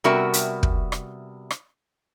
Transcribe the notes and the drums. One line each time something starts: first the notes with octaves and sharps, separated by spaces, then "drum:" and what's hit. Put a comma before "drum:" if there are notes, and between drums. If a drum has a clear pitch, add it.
C3 G3 B3 F#4 A#4 E5
drum: hi-hat
drum: kick
drum: rim click
drum: rim click